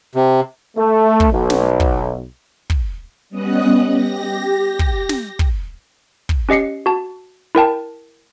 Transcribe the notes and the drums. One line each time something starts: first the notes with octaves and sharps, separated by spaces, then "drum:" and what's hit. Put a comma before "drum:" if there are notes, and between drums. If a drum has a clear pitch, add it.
C3
A3
drum: kick
B1
drum: snare
drum: kick
drum: kick
G3 B3 C#4 D#5 D#6 F#6
G4 A#6
drum: kick
drum: snare
drum: kick
drum: kick
C#4 G4 D#5 C7 C#7
F#4 A5
E4 A#4 G5 A5